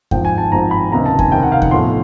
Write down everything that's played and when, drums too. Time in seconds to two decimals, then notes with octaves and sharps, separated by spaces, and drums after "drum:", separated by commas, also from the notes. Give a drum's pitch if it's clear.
0.11 G#1 G#2 F3 G5, drum: kick E2
0.25 G#5
0.38 A5
0.52 G#1 G#2 F3 A#5
0.71 B5
0.91 C#2 C3 D#3 A#5
1.06 A5
1.19 G#5, drum: kick E2
1.32 C#2 C3 D#3 G5
1.42 F#5
1.52 F5
1.62 F#5, drum: kick E2
1.71 B1 A2 F3 C6